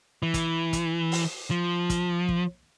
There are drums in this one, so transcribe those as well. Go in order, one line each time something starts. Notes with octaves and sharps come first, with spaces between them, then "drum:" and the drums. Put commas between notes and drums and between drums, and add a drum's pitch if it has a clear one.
E3
drum: kick, hi-hat
drum: kick, hi-hat
drum: open hi-hat
F3
drum: kick, hi-hat
drum: kick